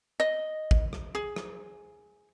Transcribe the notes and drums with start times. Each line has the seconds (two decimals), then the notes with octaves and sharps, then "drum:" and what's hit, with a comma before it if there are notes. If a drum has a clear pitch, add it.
0.20 D#5
0.71 drum: kick
0.93 drum: rim click
1.15 G#4
1.36 drum: rim click